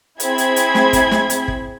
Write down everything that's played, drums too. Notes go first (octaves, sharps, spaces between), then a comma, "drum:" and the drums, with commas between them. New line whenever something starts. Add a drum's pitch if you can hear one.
C4 E4 G#4 B5 G#6, drum: hi-hat
drum: hi-hat
drum: hi-hat
drum: snare
drum: kick, hi-hat
drum: snare
drum: hi-hat
drum: kick